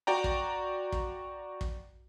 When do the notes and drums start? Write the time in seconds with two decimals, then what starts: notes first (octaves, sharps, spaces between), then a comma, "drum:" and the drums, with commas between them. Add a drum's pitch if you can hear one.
0.07 F#4 D5 G5 A#5
0.24 drum: kick
0.92 drum: kick
1.61 drum: kick